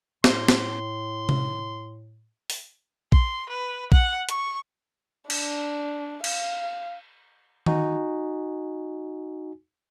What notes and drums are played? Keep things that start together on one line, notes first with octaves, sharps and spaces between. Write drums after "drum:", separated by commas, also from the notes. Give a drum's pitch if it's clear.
A2 C6, drum: snare
drum: snare
drum: tom C3
drum: open hi-hat
C6, drum: kick A#1
B4
F#5, drum: kick A#1
C#6, drum: hi-hat
D4, drum: cymbal
F5, drum: cymbal
D#4 F#4 G#5, drum: tom D#3